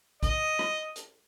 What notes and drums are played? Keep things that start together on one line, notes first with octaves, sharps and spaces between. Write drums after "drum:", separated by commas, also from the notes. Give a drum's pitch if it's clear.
D#5, drum: kick, hi-hat
drum: rim click
drum: hi-hat